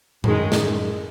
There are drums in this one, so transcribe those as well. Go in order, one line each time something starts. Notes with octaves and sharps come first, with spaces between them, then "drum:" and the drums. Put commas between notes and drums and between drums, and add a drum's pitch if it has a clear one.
F#2 D#3 G#3, drum: tom A2
drum: snare